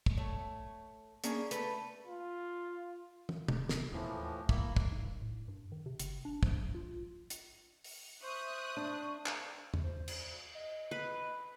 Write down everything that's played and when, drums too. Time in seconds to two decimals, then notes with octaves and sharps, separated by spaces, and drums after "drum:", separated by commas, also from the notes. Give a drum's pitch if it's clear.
0.06 drum: kick
0.17 A3 C#5
1.24 A#3 C#4 D4 G#4, drum: hi-hat
1.51 A3 A4 B4, drum: hi-hat
2.07 F4
3.29 drum: tom
3.48 D1, drum: tom
3.69 drum: snare
3.92 D#2 A2 E3 F3
4.49 A#3 E4, drum: kick
4.76 drum: kick
4.92 G#2
5.06 D#1
5.22 A2
5.48 G2
5.72 D#3
5.86 C3
6.00 G1, drum: hi-hat
6.25 D4
6.43 F3, drum: kick
6.75 F4
7.30 drum: hi-hat
7.84 drum: open hi-hat
8.23 C5 E5 C#6 D#6 F#6
8.77 D4
9.26 drum: clap
9.74 drum: tom
9.83 C5
10.08 drum: cymbal
10.55 D#5
10.91 B4